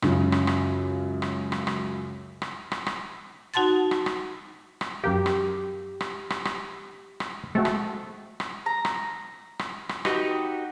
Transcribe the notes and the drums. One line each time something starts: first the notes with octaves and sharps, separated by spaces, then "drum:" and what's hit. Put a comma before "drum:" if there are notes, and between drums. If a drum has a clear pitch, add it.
C#2 F#2 C#3, drum: rim click
drum: rim click
drum: rim click
drum: rim click
drum: rim click
drum: rim click
drum: rim click
drum: rim click
drum: rim click
D#4 F#4 F#5 A5 C6 A6
drum: rim click
drum: rim click
drum: rim click
F#2 G4 A#4 F5
drum: rim click
drum: rim click
drum: rim click
drum: rim click
drum: rim click
G#3 A3 C4 F#4
drum: rim click
drum: rim click
A#5
drum: rim click
drum: rim click
drum: rim click
D#4 F#4 G4 B4, drum: rim click